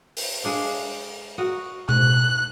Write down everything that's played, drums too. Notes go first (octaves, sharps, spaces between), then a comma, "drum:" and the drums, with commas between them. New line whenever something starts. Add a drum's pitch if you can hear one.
drum: open hi-hat
G#3 D4 F5
F#4 A#4 D#5
F#6, drum: tom B2